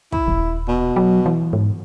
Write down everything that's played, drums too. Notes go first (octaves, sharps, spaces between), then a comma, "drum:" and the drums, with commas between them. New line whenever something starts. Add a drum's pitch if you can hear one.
E4, drum: kick
D#1
B2
F#3
E3
G#2